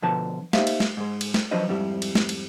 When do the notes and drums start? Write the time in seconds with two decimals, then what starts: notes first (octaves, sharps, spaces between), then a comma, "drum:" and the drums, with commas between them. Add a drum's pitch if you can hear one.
0.02 B2 D3 F3 B4 A5
0.53 A#3 D#4 G4 C5 E5 F5, drum: snare
0.67 drum: cymbal
0.80 drum: snare
0.97 G#2 G#3
1.21 drum: cymbal
1.34 drum: snare
1.51 F3 F#3 D4 B4 C5 D#5
1.69 F2 G#2 G3 E4
2.02 drum: cymbal
2.15 drum: snare
2.29 drum: cymbal